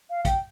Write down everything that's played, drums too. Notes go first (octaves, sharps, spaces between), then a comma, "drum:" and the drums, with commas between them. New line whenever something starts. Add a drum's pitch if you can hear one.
F5
G5, drum: kick, hi-hat